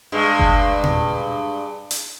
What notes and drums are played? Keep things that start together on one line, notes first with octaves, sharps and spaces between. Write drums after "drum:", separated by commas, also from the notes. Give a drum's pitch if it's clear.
G2 G#3
drum: kick F#1
drum: tom A#2
drum: hi-hat